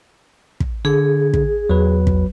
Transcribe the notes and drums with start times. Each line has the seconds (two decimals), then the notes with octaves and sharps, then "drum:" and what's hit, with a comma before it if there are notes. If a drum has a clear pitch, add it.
0.60 drum: kick
0.85 D3 G#4
1.34 drum: kick
1.70 E2 F#3 B4
2.07 drum: kick